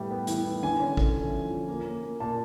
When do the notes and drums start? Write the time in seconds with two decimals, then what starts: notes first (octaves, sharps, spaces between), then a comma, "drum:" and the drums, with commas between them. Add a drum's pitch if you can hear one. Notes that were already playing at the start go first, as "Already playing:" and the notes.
Already playing: A2 G3 B3
0.11 B3
0.27 E3, drum: hi-hat
0.45 E3
0.63 D3 G#5
0.80 C#4
0.97 A3, drum: kick
1.16 F3
1.33 F3
1.50 F3
1.68 A#3
1.86 A#3
2.03 A#3
2.20 A#2 A5